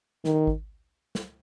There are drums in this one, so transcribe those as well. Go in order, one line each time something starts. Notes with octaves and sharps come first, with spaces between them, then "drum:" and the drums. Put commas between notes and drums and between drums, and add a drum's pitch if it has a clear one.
D#3, drum: snare
drum: kick G#1
drum: snare